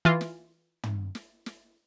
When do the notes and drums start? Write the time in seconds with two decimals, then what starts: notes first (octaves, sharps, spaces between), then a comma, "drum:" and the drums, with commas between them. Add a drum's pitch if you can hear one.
0.05 E3 F4
0.21 drum: snare
0.83 drum: tom
1.15 drum: snare
1.46 drum: snare